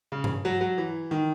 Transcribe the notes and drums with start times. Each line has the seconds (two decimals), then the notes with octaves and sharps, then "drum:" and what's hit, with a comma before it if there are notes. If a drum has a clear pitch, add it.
0.12 C#3
0.24 drum: tom G2
0.45 F#3
0.61 F#3
0.78 E3
1.11 D#3